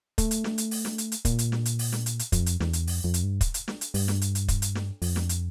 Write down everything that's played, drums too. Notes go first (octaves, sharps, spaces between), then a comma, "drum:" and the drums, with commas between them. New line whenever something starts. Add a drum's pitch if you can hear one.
A3, drum: kick, hi-hat
drum: hi-hat
drum: snare
drum: hi-hat
drum: open hi-hat
drum: snare
drum: hi-hat
drum: hi-hat
A#2, drum: kick, hi-hat
drum: hi-hat
drum: snare
drum: hi-hat
drum: open hi-hat
drum: snare
drum: hi-hat
drum: hi-hat
F2, drum: kick, hi-hat
drum: hi-hat
E2, drum: snare
drum: hi-hat
F2, drum: open hi-hat
F2
drum: hi-hat
G2
drum: kick, hi-hat
drum: hi-hat
drum: snare
drum: hi-hat
G2, drum: open hi-hat
drum: snare
drum: hi-hat
drum: hi-hat
drum: kick, hi-hat
drum: hi-hat
drum: snare
F2, drum: open hi-hat
drum: snare
drum: hi-hat